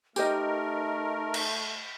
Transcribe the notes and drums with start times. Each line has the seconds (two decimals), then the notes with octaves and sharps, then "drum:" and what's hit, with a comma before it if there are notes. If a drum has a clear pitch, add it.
0.16 A3 D#4 G4 A#4 C5 D#5, drum: tambourine
1.34 drum: cymbal